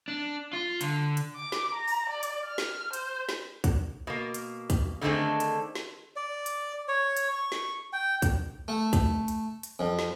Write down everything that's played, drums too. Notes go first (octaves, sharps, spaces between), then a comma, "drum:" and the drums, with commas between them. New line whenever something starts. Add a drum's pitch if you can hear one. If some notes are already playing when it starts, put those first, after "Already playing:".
D4
F4
D3, drum: hi-hat
drum: hi-hat
D6
drum: snare
A#5
drum: open hi-hat
D5
drum: hi-hat
F6
drum: snare
C5, drum: hi-hat
drum: snare
drum: kick, hi-hat
B2 A#3
drum: hi-hat
drum: kick, hi-hat
D3 D#3 G#3 A3 C4 D4
drum: hi-hat
drum: snare
D5
drum: hi-hat
C#5
drum: hi-hat
C#6
drum: snare
G5
drum: kick, hi-hat
A3
drum: kick, hi-hat
drum: hi-hat
drum: hi-hat
F2
drum: snare